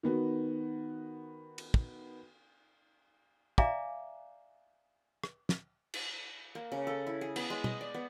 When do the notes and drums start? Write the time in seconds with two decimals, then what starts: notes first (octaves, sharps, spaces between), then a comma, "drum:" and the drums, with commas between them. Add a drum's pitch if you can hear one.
0.03 D#3 B3 F#4
1.58 drum: cymbal
1.74 drum: kick
3.58 D5 E5 F5 G#5 A#5 D6, drum: kick
5.24 drum: rim click
5.49 drum: snare
5.94 drum: cymbal
6.55 A#3
6.72 C#3
6.87 A4
7.07 E4
7.21 G#4
7.36 B3, drum: cymbal
7.50 G#3
7.64 D#5, drum: tom
7.81 D5
7.94 B3